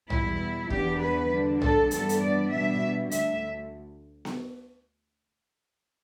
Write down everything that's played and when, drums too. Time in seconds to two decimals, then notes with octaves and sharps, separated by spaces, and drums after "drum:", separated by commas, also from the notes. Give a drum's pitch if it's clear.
0.10 E2 B2 G3 E4, drum: tom
0.70 E2 E3 B3 D4 G4, drum: kick
1.01 B4
1.31 E2 D3 G3 D4
1.62 A4, drum: tom
1.91 G2 E3 G3 B3 D4 A4, drum: hi-hat
2.09 drum: hi-hat
2.21 D5
2.52 B2 G3 D4 E5
3.11 D2 E5, drum: hi-hat
4.25 drum: snare B3